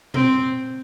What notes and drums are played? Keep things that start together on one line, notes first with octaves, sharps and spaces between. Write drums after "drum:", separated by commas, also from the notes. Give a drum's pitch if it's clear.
C4, drum: tom B2